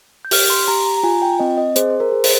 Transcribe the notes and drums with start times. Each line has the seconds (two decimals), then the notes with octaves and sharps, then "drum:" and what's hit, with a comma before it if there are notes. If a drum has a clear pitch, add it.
0.25 G6
0.31 G4 F6, drum: open hi-hat
0.50 C6
0.68 G4 A#5
0.86 A#5
0.98 A#5
1.03 F4 G#5
1.22 G5
1.39 C4 D#5
1.58 D#5
1.76 G#4 C5, drum: hi-hat
1.90 C5
2.00 A#4
2.12 G#4
2.24 C5, drum: open hi-hat